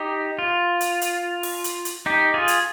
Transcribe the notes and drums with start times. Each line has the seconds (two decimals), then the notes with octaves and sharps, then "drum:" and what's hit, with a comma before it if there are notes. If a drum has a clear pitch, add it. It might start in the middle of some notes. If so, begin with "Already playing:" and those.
Already playing: D#4 G4
0.39 F4
0.81 drum: hi-hat
1.01 drum: hi-hat
1.43 drum: open hi-hat
1.64 drum: hi-hat
1.85 drum: hi-hat
2.06 D#4 G4
2.34 F4 G#4
2.48 drum: hi-hat